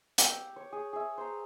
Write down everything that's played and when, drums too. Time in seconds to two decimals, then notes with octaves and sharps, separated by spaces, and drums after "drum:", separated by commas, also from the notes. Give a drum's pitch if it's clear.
0.18 G4 E6, drum: hi-hat
0.56 C#5
0.73 G#4
0.93 G#4 E5
1.18 C5 A#5